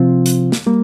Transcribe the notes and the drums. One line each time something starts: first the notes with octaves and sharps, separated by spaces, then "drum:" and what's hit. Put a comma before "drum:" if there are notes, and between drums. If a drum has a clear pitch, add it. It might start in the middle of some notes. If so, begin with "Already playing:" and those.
Already playing: C3 F3 C4 F4
drum: hi-hat
drum: snare
G3 A#3